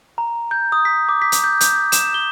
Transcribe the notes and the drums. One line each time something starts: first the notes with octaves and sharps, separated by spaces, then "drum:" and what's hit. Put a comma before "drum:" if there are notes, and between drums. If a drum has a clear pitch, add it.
A#5
G6
D#6
B6
D6
B6
drum: hi-hat
G6
G6, drum: hi-hat
E7, drum: hi-hat
G7